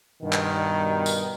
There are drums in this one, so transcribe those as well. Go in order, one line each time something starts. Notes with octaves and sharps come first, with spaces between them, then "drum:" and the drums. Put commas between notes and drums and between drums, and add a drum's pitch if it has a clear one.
G2 B2 D#3
drum: clap
drum: tambourine